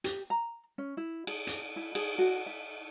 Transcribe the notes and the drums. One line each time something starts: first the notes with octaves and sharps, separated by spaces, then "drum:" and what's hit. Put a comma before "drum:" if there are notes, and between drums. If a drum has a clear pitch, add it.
G4, drum: hi-hat
A#5
C#4
E4
G#4, drum: cymbal
drum: hi-hat
E4
G#4, drum: cymbal
F#4
E5